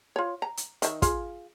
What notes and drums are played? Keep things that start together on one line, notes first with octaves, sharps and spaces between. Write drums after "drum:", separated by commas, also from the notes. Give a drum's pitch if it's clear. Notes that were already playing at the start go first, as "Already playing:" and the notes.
F4 C#5
A#5
drum: hi-hat
D#3 E5, drum: hi-hat
F4 G#4 F5, drum: kick, hi-hat